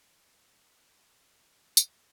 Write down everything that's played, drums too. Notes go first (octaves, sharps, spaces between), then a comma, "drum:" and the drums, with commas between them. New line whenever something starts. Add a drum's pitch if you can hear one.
F#4 B4
A4 C#5
C#5 F#5
B4
A4 C#5
C#4
E4
C#4
B3, drum: tambourine